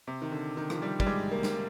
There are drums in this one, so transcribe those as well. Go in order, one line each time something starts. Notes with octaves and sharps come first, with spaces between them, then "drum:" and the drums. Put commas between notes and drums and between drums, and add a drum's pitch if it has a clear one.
C3
D#3
D3
D#3
F3, drum: rim click
G3
G3, drum: kick
G#3
A#3
drum: snare